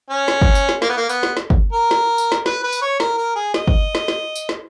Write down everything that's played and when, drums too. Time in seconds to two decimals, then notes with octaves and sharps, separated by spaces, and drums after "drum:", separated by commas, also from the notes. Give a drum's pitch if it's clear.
0.10 C#4
0.28 drum: snare
0.42 drum: kick
0.55 drum: tambourine
0.69 drum: snare
0.82 A#3, drum: snare
0.89 B3
0.97 A#3
1.09 B3, drum: tambourine
1.23 drum: snare
1.37 drum: snare
1.50 drum: kick
1.73 A#4
1.91 drum: snare
2.18 drum: tambourine
2.32 drum: snare
2.46 B4, drum: snare
2.63 B4
2.72 drum: tambourine
2.82 C#5
3.00 A#4, drum: snare
3.18 A#4
3.36 G#4
3.54 D#5, drum: snare
3.68 drum: kick
3.95 drum: snare
4.08 drum: snare
4.35 drum: tambourine
4.49 drum: snare